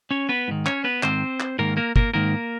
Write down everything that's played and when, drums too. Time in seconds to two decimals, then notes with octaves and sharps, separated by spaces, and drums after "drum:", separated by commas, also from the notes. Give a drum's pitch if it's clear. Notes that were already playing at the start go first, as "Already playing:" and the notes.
0.11 C#4 C#5
0.29 B3 B4
0.48 G#2 D#3
0.66 C#4 C#5, drum: clap
0.84 B3 B4
1.03 G#2 D#3 C4 C5, drum: clap
1.40 drum: clap
1.59 G#2 D#3 A#3 A#4
1.77 A#3 A#4
1.96 A#3 A#4, drum: kick
2.14 G#2 D#3 A#3 A#4